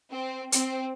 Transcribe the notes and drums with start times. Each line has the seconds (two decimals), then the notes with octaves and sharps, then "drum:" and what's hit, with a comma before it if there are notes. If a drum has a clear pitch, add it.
0.11 C4
0.52 C4, drum: hi-hat